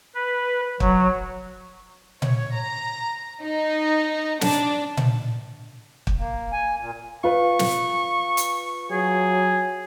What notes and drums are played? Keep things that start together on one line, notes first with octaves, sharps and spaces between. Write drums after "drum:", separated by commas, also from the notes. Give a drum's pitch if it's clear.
B4
F#3, drum: kick
C#5, drum: tom A#2
A#5
D#4
D4, drum: snare
drum: tom A#2
drum: kick
A#3
G#5
A#2
F4 B4 C#6
drum: snare
drum: hi-hat
F#3 G#4